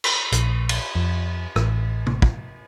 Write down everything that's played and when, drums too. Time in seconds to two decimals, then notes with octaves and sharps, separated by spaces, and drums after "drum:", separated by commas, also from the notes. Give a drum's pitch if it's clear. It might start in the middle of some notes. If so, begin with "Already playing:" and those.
0.04 drum: cymbal
0.32 A#1, drum: hi-hat
0.69 drum: cymbal
0.95 F2
1.56 A1, drum: rim click
2.06 drum: tom C3
2.22 drum: kick